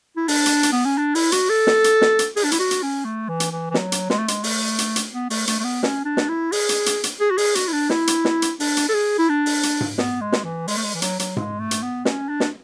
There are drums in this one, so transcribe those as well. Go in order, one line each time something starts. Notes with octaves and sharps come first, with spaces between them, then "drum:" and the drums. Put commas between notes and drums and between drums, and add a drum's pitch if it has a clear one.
E4
D4, drum: open hi-hat
drum: hi-hat
drum: hi-hat
B3
C#4
D4
E4, drum: open hi-hat
F#4, drum: hi-hat
A4
drum: snare
drum: hi-hat
drum: snare
drum: hi-hat
G#4, drum: open hi-hat
D4
E4, drum: hi-hat
F#4
drum: hi-hat
C#4
A3
E3
drum: hi-hat
E3
E3
F#3, drum: snare
drum: hi-hat
G#3, drum: snare
A3
G#3, drum: hi-hat
A3, drum: open hi-hat
drum: hi-hat
drum: hi-hat
B3
A3, drum: open hi-hat
A3, drum: hi-hat
A3
B3
C#4, drum: snare
D4
drum: snare
E4
G#4, drum: open hi-hat
drum: hi-hat
drum: hi-hat
drum: hi-hat
G#4
F#4
G#4, drum: open hi-hat
F#4, drum: hi-hat
E4
D4
E4, drum: snare
drum: hi-hat
drum: snare
drum: hi-hat
D4, drum: open hi-hat
drum: hi-hat
A4
G#4
E4
D4
drum: open hi-hat
drum: hi-hat
drum: tom G#2
B3, drum: snare
G#3
drum: snare
E3
G#3, drum: open hi-hat
A3
G#3
E3
F#3, drum: hi-hat
F#3, drum: hi-hat
G#3, drum: tom G#2
A3
drum: hi-hat
B3
C#4, drum: snare
D4
drum: snare